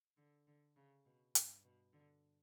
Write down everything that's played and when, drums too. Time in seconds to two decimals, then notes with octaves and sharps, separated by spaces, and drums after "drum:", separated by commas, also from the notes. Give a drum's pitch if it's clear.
0.17 D3
0.47 D3
0.76 C#3
1.05 B2
1.35 G2, drum: hi-hat
1.64 B2
1.93 D3